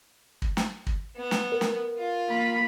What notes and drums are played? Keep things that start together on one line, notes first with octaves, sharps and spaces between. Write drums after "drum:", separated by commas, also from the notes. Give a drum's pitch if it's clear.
drum: kick
drum: snare
drum: kick
B3
drum: snare
A#4
drum: snare
F4
A#3 B5